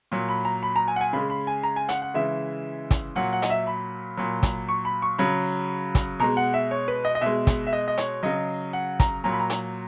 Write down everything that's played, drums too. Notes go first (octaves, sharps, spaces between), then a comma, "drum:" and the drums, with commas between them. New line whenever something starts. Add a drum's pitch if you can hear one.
A#2 F#3
B5
A#5
B5
A#5
G#5
F#5
G#5
C#3 G#3 B5
B5
G#5
A#5
G#5
F#5, drum: hi-hat
F#5
C#3 E3 G#3 E5
drum: kick, hi-hat
A#2 F#3 F#5
F#5
D#5, drum: hi-hat
E5
B5
A#2 F#3
drum: kick, hi-hat
C#6
B5
C#6
C#3 F#3 B5
drum: kick, hi-hat
B2 G#3 A#5
F#5
E5
C#5
B4
D#5
D#5
B2 G#3 E5
drum: kick, hi-hat
E5
D#5
D#5
C#5, drum: hi-hat
C#3 F#3 D#5
F#5
A#5, drum: kick, hi-hat
A#2 F#3 A#5
B5
A#5
drum: hi-hat